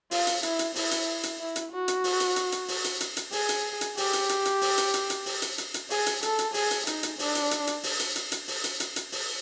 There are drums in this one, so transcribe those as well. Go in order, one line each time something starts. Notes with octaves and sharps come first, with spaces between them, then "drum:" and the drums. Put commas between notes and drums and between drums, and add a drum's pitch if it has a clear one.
F4, drum: open hi-hat
drum: hi-hat
E4, drum: hi-hat
drum: hi-hat
E4, drum: open hi-hat
drum: hi-hat
drum: hi-hat
E4
drum: hi-hat
F#4
drum: hi-hat
drum: open hi-hat
drum: hi-hat
drum: hi-hat
drum: hi-hat
drum: open hi-hat
drum: hi-hat
drum: hi-hat
drum: hi-hat
G#4, drum: open hi-hat
drum: hi-hat
drum: hi-hat
G4, drum: open hi-hat
drum: hi-hat
drum: hi-hat
drum: hi-hat
drum: open hi-hat
drum: hi-hat
drum: hi-hat
drum: hi-hat
drum: open hi-hat
drum: hi-hat
drum: hi-hat
drum: hi-hat
G#4, drum: open hi-hat
drum: hi-hat
A4, drum: hi-hat
drum: hi-hat
G#4, drum: open hi-hat
drum: hi-hat
D#4, drum: hi-hat
drum: hi-hat
D4, drum: open hi-hat
drum: hi-hat
drum: hi-hat
drum: hi-hat
drum: open hi-hat
drum: hi-hat
drum: hi-hat
drum: hi-hat
drum: open hi-hat
drum: hi-hat
drum: hi-hat
drum: hi-hat
drum: open hi-hat